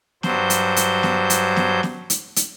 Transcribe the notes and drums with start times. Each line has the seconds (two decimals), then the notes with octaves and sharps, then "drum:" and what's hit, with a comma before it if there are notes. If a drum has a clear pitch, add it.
0.23 G2 F#3 C5 G6, drum: snare
0.50 drum: hi-hat
0.76 drum: hi-hat
1.03 drum: snare
1.30 drum: hi-hat
1.56 drum: snare
1.83 drum: snare
2.10 drum: hi-hat
2.36 drum: hi-hat